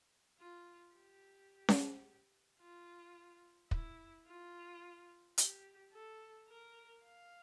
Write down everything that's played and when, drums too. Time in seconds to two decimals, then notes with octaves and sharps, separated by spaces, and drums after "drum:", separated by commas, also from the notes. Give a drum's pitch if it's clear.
0.39 F4
0.94 G4
1.69 drum: snare C#4
2.60 F4
3.71 E4, drum: kick
4.26 F4
5.38 G4, drum: hi-hat
5.93 A4
6.48 A#4
7.03 F5